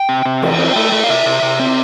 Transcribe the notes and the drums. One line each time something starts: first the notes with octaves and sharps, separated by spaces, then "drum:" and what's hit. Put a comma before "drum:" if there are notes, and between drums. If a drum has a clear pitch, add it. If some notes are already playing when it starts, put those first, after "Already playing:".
Already playing: G5
C3
C3
E2, drum: cymbal
C4
A3
A3
F5
C3 E5
C3
C3
C4